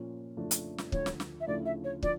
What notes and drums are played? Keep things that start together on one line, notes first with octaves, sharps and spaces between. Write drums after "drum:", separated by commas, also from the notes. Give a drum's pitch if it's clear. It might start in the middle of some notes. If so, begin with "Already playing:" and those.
Already playing: A#2 F3 C#4
F2 C#3 F3 A3 D4
drum: hi-hat
drum: snare
D2 D3 F3 C#5, drum: kick
drum: snare
drum: snare
E5
D2 C#3 F3 A3 E4 D5
E5
C#5
D3 F3 D5, drum: kick